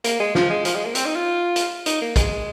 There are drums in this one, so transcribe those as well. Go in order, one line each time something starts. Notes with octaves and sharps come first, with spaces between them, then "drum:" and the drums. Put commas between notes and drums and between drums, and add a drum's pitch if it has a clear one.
A#3, drum: hi-hat
G#3
F3, drum: snare
G#3
F3, drum: hi-hat
G#3
A#3
C4, drum: hi-hat
D#4
F4
drum: hi-hat
D#4, drum: hi-hat
A#3
G#3, drum: kick A#1, hi-hat